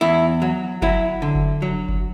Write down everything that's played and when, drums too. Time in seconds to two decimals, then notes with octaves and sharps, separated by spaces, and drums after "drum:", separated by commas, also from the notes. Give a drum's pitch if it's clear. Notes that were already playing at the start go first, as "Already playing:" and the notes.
0.01 E2 E4
0.42 F#3
0.82 F#3 E4, drum: kick F#1
1.22 D3
1.35 drum: kick F#1
1.62 F#3
1.89 drum: kick F#1